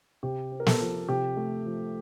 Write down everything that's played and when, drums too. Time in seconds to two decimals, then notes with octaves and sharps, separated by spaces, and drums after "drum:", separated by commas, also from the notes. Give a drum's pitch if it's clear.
0.23 C3 G4
0.52 C4
0.60 A#4
0.66 A4, drum: snare
0.80 F3
1.09 C3 G4
1.37 A3
1.66 F3